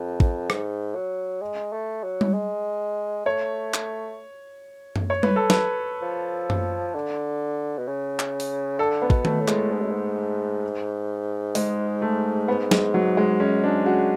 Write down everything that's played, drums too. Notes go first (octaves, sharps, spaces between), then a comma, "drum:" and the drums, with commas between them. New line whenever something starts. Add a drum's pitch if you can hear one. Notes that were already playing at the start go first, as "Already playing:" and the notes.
Already playing: F2
drum: kick
G#2, drum: rim click
F#3
G#3
A3
F#3
drum: tom G3
G#3
A3 C#5
drum: clap
drum: tom F#2
C#5
B4, drum: tom G3
A4
B4, drum: snare
F3
drum: tom F#2
D3
B2
C#3
drum: clap
drum: open hi-hat
D3 A4
B3
B2, drum: kick
A3, drum: tom D#3
A2
G#3, drum: clap
G#2
F#2
G#2
G#3, drum: open hi-hat
A3
B3
G#3, drum: snare
F#3
G#3
F#2 C#4
G#2 D4
C#3 F#4